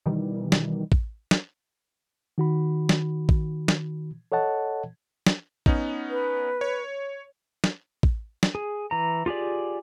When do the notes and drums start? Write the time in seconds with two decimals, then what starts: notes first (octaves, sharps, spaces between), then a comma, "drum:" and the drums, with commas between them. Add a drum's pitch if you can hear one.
0.06 B2 D#3 E3 G3
0.52 drum: snare
0.92 drum: kick A1
1.31 drum: snare
2.38 D#3 F#4 B5
2.89 drum: snare
3.29 drum: kick A1
3.68 drum: snare
4.32 A4 C#5 D#5 F#5 A5
5.26 drum: snare
5.66 B3 C#4 D#4, drum: kick A1
6.10 B4
6.61 C#5
7.64 drum: snare
8.03 drum: kick A1
8.43 drum: snare
8.55 G#4
8.91 E3 A#5
9.26 F4 G4 G#4 D5